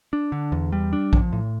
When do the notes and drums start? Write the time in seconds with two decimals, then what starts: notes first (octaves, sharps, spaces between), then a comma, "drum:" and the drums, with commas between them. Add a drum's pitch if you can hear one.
0.13 D4
0.32 D3
0.52 E2
0.72 G3
0.93 D4
1.13 F3, drum: kick A#1
1.32 A2